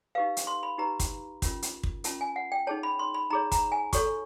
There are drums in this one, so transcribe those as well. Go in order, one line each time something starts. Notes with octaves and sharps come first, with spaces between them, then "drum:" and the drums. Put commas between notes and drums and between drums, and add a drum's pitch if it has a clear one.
D#4 G4 B4 F5
drum: hi-hat
C6
B5
D#4 G4 B4 A#5
drum: kick, hi-hat
C#4 F4 A#4, drum: kick, hi-hat
drum: hi-hat
drum: kick
C#4 F4 A#4 A5, drum: hi-hat
G#5
F#5
G5
D#4 G#4 C#5 A5
B5
C6
B5
D#4 G#4 C#5 A#5
A#5, drum: kick, hi-hat
G#5
F#4 A4 C#5 C#6, drum: kick, hi-hat